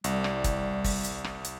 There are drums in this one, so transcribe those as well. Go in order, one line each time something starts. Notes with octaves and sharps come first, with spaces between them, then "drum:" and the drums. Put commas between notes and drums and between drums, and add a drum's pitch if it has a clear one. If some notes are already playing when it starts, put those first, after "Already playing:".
C2 G3, drum: hi-hat
drum: rim click
drum: kick, hi-hat
drum: kick, open hi-hat
drum: hi-hat
drum: rim click
drum: hi-hat